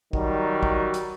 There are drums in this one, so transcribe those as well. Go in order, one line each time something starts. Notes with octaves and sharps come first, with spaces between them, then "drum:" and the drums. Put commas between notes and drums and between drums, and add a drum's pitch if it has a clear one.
D#3 F#3 G3, drum: kick
drum: kick
drum: hi-hat